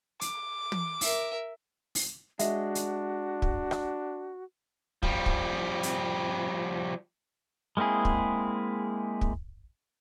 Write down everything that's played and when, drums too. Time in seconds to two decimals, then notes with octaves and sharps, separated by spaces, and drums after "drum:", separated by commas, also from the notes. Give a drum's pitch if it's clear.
0.21 D6, drum: hi-hat
0.72 drum: tom
1.01 A#4 E5, drum: open hi-hat
1.95 drum: open hi-hat
2.39 G#3 D4 F#4 E5, drum: hi-hat
2.75 drum: hi-hat
3.42 drum: kick
3.71 drum: rim click
5.03 F3 G3, drum: kick
5.26 drum: kick
5.83 drum: hi-hat
7.77 G#3 A#3 C4 E4 G#4
8.05 drum: kick
9.21 drum: kick